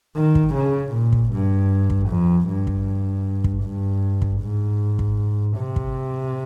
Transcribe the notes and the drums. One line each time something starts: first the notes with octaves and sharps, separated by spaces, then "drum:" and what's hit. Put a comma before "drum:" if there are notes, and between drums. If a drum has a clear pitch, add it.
D#3
drum: kick
C#3
A#2
drum: kick
G2
drum: kick
F2
G2
drum: kick
drum: kick
G2
drum: kick
G#2
drum: kick
C3
drum: kick